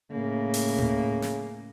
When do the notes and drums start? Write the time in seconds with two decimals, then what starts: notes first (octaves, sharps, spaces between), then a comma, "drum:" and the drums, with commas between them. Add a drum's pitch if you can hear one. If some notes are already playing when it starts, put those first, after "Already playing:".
0.12 A2 C#3 A#3
0.54 drum: open hi-hat
0.78 drum: tom A2
1.22 drum: snare